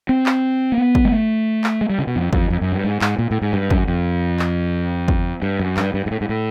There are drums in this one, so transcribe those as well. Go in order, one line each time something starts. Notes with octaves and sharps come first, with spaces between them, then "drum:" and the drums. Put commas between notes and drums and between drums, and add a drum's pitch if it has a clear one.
C4
drum: clap
A#3
B3
drum: kick
G#3
A3
drum: clap
G#3
G3
C#3
B2
F2
F2, drum: kick
F2
F#2
G2
G#2
G#2, drum: clap
A#2
A2
G#2
G2
F#2, drum: kick
F2
drum: clap
drum: kick
G2
F#2
G2, drum: clap
G2
G#2
A2
G#2
A2